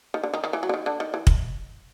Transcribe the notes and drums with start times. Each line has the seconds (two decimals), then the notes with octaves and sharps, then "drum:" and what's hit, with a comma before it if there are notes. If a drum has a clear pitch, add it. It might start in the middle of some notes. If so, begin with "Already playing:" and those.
0.14 D#3
0.23 D3
0.34 D#3
0.44 D#3
0.53 E3
0.63 F#3
0.69 D3
0.74 D#3
0.86 D3
1.00 D#3
1.14 E3
1.27 drum: kick